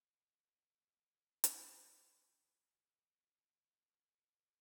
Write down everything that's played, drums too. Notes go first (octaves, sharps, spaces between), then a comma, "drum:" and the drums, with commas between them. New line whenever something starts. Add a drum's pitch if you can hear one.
A3 C4
G3 D#4 F5
G4
drum: hi-hat
C3
C4
F3
D#4
D#5
B4
G#4
G3
E3